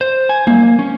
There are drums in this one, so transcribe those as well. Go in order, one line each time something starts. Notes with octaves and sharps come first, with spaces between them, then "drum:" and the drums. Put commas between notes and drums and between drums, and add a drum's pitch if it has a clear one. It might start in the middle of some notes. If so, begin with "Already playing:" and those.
C5
G#5
A#3, drum: tom
C#4